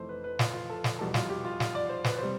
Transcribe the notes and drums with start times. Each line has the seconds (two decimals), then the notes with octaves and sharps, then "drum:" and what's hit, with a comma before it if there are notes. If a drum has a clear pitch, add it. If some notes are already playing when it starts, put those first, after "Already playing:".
Already playing: F1 F2 E3 A3 C5
0.09 B4
0.24 B4
0.39 F4, drum: snare
0.53 F4
0.70 A4
0.84 drum: snare
0.99 F1 E2 B2 G3 A4
1.14 F4, drum: snare
1.30 G4
1.45 F4
1.60 F4, drum: snare
1.75 D5
1.89 C5
2.04 B4, drum: snare
2.18 C3 G3 C5